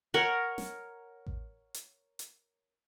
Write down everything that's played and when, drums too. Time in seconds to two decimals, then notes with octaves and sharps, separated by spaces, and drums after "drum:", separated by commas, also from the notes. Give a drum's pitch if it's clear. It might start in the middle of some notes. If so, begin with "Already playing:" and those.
0.14 A#4 C#5 F#5
0.58 drum: snare
1.26 drum: kick A1
1.74 drum: hi-hat
2.19 drum: hi-hat